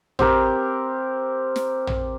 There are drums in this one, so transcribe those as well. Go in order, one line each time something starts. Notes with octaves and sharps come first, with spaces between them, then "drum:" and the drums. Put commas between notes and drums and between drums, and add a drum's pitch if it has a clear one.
C4 G4 A#4, drum: tom
drum: snare
drum: tom